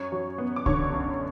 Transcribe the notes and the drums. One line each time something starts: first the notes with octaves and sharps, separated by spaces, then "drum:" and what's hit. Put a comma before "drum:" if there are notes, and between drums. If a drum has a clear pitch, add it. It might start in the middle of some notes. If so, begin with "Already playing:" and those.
Already playing: F#2 C#5 C#6
F#3
B3
D6
D3 C#5 C#6, drum: kick C2
F#2